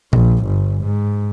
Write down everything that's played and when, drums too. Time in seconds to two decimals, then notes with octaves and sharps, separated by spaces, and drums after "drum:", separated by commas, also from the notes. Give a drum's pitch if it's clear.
0.13 A#1, drum: tom A#2
0.46 G1
0.85 G#2